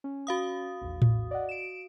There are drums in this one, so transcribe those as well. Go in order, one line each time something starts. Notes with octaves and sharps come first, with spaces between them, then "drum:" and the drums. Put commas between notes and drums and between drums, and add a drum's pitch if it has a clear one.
C#4
F#4 F5 D#6
A#1 E2
drum: tom A2
D5 D#5 F#5
D7 E7